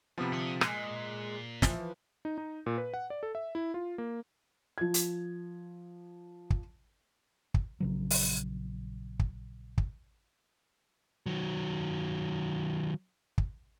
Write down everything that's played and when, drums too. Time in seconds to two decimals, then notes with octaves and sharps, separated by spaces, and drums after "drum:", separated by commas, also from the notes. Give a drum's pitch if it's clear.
0.18 C3 F3 B3
0.33 D3 D#6
0.61 A#2 G#3 F#6, drum: rim click
1.62 E3 F3, drum: snare
2.25 D#4
2.38 D#4
2.66 A#2
2.78 B4
2.94 F#5
3.10 D5
3.23 A4
3.35 E5
3.55 E4
3.74 F4
3.98 A#3
4.78 F3 G#6
4.94 drum: hi-hat
6.50 drum: kick
7.54 drum: kick
7.80 A#1 C#3 F#3
8.10 drum: open hi-hat
9.19 drum: kick
9.78 drum: kick
11.26 D#3 F#3
13.38 drum: kick